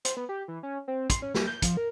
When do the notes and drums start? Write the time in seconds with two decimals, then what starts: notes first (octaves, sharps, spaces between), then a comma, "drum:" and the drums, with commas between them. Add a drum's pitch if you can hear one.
0.05 C5, drum: hi-hat
0.17 B3
0.29 G4
0.48 E3
0.63 C#4
0.88 C4
1.10 C6, drum: kick, hi-hat
1.22 C#4
1.34 G3, drum: snare
1.47 G6
1.62 F3, drum: kick, hi-hat
1.77 A#4